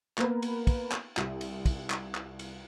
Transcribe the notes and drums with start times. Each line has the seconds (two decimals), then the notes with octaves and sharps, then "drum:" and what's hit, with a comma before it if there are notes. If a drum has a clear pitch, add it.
0.18 A#3 B3 A#4 B4, drum: clap
0.42 drum: cymbal
0.67 drum: kick, cymbal
0.92 drum: clap
1.17 C2, drum: clap
1.41 drum: cymbal
1.65 drum: kick, cymbal
1.90 drum: clap
2.15 drum: clap
2.39 drum: cymbal